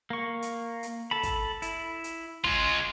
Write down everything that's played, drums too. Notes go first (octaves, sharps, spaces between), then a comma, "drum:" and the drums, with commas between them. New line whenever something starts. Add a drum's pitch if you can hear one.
A#3 C#6
drum: hi-hat
drum: hi-hat
A4 A5 B5
drum: kick, hi-hat
E4, drum: hi-hat
drum: hi-hat
G#3 F4 C6, drum: kick